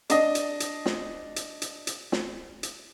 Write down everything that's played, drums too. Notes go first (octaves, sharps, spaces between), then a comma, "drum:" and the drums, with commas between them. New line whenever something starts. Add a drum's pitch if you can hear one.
D4 D#5, drum: hi-hat
drum: hi-hat
drum: hi-hat
drum: snare
drum: hi-hat
drum: hi-hat
drum: hi-hat
drum: snare
drum: hi-hat